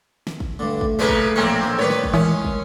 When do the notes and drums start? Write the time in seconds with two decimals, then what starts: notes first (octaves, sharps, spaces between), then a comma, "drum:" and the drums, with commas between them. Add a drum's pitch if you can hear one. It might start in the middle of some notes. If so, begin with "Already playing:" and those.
0.27 drum: snare
0.40 drum: kick
0.59 G2 D3 A3
0.81 drum: kick
0.99 C#3 A#3 D#4 B4 A5 B5
1.08 drum: kick
1.36 A#1 A2 A#3 C4 C#4 C#5
1.63 drum: snare
1.79 A2 D#3 G3 B4 C#5
1.90 drum: snare
2.04 drum: kick
2.14 E3 G#3 C#4 A#4
2.45 drum: kick